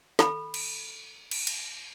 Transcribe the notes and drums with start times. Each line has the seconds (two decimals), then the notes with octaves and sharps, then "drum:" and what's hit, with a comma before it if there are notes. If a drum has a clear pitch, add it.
0.19 A4 B5, drum: snare
0.54 drum: cymbal
1.31 drum: cymbal
1.47 drum: cymbal